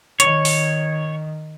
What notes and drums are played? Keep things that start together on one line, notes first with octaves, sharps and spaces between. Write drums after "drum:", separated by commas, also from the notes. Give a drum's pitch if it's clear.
D#3 C#5, drum: hi-hat
drum: open hi-hat